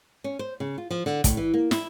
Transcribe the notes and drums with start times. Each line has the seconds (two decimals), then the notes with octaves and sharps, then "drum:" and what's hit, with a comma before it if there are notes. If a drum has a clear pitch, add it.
0.24 C#4
0.39 C5
0.60 C#3
0.78 F4
0.90 F3
1.06 D3
1.24 A2, drum: kick, hi-hat
1.37 E3
1.54 A#3
1.71 E4, drum: snare